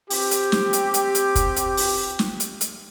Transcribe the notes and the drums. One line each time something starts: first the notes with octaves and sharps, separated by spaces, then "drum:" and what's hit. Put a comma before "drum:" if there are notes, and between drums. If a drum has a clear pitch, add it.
C4 G4, drum: open hi-hat
drum: hi-hat
drum: snare
drum: hi-hat
drum: hi-hat
drum: hi-hat
drum: kick, hi-hat
drum: hi-hat
drum: open hi-hat
drum: snare
drum: hi-hat
drum: hi-hat